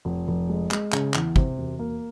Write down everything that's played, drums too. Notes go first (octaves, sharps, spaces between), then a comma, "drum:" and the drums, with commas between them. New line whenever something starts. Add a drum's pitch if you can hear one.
F1
F1
G#3
G#3, drum: clap
C#3, drum: clap
E2, drum: clap
C3, drum: kick
E1
A#3